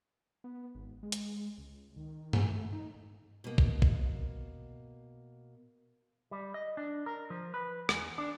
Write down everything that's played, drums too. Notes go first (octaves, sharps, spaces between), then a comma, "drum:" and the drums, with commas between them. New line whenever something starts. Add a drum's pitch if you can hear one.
B3
G#1
G#3
drum: hi-hat
C#2
D#3
drum: tom G2
A3
D#4
B2 A#3
drum: kick A#1
drum: kick A#1
G3
D#5
D4
A#4
F3
B4
E2, drum: rim click
D4